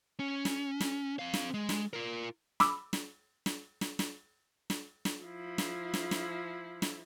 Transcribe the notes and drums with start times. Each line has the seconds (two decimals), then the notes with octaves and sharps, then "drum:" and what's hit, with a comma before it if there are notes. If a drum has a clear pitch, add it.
0.20 C#4
0.45 drum: snare
0.80 drum: snare
1.19 C4 F5
1.34 drum: snare
1.54 G#3
1.69 drum: snare
1.93 F4 A#4
2.60 B5 D6 E6, drum: snare
2.93 drum: snare
3.46 drum: snare
3.81 drum: snare
3.99 drum: snare
4.70 drum: snare
5.05 drum: snare
5.23 F3 E4
5.58 drum: snare
5.94 drum: snare
6.11 drum: snare
6.82 drum: snare